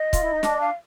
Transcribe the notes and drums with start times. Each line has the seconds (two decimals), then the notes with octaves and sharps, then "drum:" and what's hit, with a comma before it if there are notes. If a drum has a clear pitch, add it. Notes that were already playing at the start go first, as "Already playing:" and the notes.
Already playing: D#5
0.13 F4, drum: kick C#1, hi-hat
0.22 E4
0.32 D#4
0.43 D4, drum: snare
0.60 F5